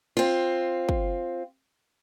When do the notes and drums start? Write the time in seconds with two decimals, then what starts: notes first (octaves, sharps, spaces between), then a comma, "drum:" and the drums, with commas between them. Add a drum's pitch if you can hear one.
0.17 C4 F4
0.89 drum: kick